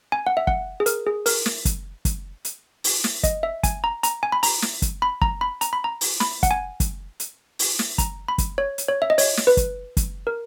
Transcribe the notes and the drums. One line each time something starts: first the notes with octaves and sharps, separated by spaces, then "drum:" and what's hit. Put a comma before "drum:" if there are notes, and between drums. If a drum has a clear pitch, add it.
G#5
F#5
E5
F#5, drum: kick
G#4
A#4, drum: hi-hat
G#4
A#4, drum: open hi-hat
drum: snare
drum: kick, hi-hat
drum: kick, hi-hat
drum: hi-hat
drum: open hi-hat
drum: snare
D#5, drum: kick, hi-hat
E5
G#5, drum: kick, hi-hat
A#5
A#5, drum: hi-hat
G#5
B5
A#5, drum: open hi-hat
drum: snare
drum: kick, hi-hat
B5
A#5, drum: kick
B5
A#5, drum: hi-hat
B5
A#5
drum: open hi-hat
B5, drum: snare
F#5, drum: kick, hi-hat
G#5
drum: kick, hi-hat
drum: hi-hat
drum: open hi-hat
drum: snare
A#5, drum: kick, hi-hat
B5
drum: kick, hi-hat
C#5
drum: hi-hat
C#5
E5
D#5
C#5, drum: open hi-hat
drum: snare
B4
drum: kick, hi-hat
drum: kick, hi-hat
A#4